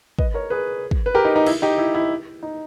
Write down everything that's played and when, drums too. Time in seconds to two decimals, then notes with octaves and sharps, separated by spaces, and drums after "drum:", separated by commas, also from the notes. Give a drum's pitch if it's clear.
0.19 B4 D#5, drum: kick
0.34 A#4 C#5
0.50 G#4 B4
0.91 drum: kick
1.06 B4
1.15 G4 A#4
1.25 D#4
1.36 D#4
1.47 E4, drum: cymbal
1.62 D#4 G4
1.78 E4
1.95 E4
2.43 D#4